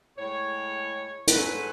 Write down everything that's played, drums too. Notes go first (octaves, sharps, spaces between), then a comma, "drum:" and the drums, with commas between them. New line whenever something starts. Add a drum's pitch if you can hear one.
A2 G#3 C#5
G#2 F#3 A3 B4, drum: hi-hat